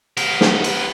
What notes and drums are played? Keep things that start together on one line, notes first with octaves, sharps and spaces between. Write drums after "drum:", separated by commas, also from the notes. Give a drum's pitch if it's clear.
B3 A#4, drum: cymbal
drum: snare
drum: cymbal